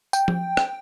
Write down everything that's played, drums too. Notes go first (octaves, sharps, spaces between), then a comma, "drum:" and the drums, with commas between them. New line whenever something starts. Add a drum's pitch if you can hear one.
G5, drum: tambourine
drum: tom F3
drum: rim click